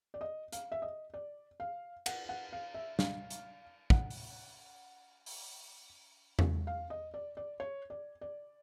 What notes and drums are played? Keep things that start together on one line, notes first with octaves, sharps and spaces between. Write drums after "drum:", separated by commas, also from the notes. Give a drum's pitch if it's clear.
D5
D#5
F5, drum: hi-hat
E5
D#5
D5
F5
F#5, drum: cymbal
F#5
F5
E5
F5, drum: snare
drum: hi-hat
F#5, drum: kick
drum: open hi-hat
drum: open hi-hat
drum: tom E2
F5
D#5
D5
D5
C#5
D5
D5